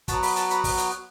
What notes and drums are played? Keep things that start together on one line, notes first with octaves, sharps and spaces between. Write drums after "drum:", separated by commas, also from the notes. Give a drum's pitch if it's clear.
F#3 B3 F#4 A5, drum: kick, hi-hat
B5, drum: open hi-hat
A5, drum: hi-hat
B5, drum: hi-hat
drum: kick, open hi-hat
drum: hi-hat